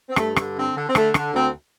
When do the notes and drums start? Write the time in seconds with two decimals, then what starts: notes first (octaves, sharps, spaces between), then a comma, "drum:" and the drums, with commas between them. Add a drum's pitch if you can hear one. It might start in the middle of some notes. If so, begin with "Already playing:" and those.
0.10 C4
0.16 G2 A3, drum: rim click
0.36 D3, drum: rim click
0.56 D3 C4
0.75 D3
0.87 C4
0.95 D3 A3, drum: rim click
1.14 D3, drum: rim click
1.34 D2 C4